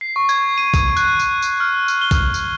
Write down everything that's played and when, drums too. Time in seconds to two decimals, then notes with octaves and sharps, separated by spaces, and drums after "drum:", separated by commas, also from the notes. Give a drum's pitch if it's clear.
0.01 C7
0.16 C#6
0.29 G#6, drum: tambourine
0.58 D#7
0.74 drum: kick A#1, tambourine
0.97 F#6, drum: tambourine
1.19 drum: tambourine
1.42 drum: tambourine
1.60 F6
1.88 drum: tambourine
2.01 G7
2.11 drum: kick A#1, tambourine
2.34 drum: tambourine